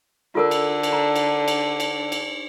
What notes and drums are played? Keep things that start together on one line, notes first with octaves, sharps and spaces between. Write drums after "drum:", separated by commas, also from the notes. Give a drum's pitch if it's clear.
D3 F4 A4 A#4
drum: cymbal
drum: cymbal
A#5
drum: cymbal
drum: cymbal
drum: cymbal
drum: cymbal